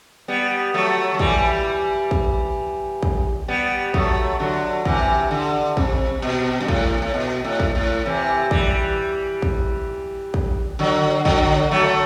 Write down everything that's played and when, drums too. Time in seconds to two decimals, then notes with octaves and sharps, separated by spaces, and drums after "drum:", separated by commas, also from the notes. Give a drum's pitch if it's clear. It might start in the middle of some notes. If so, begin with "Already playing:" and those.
0.28 G3 B3
0.74 F#3 A3
1.14 F#3
1.19 E3 G3, drum: kick
2.11 drum: kick
3.03 drum: kick
3.48 G3 B3
3.94 F#3 A3, drum: kick
4.40 D3 F#3
4.85 C3 E3, drum: kick
5.31 D3
5.77 C3, drum: kick
6.22 B2
6.60 G2
6.68 A2, drum: kick
7.02 A2
7.14 B2
7.45 A2
7.60 drum: kick
7.75 A2
8.05 C3 E3
8.51 E3 G3, drum: kick
9.42 drum: kick
10.34 drum: kick
10.79 D3 F#3
11.25 D3 F#3, drum: kick
11.71 F#3 A3